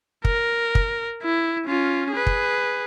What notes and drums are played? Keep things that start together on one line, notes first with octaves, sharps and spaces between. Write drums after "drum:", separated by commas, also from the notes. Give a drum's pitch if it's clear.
A#4, drum: kick
drum: kick
E4
C#4 F4
G#4 B4
drum: kick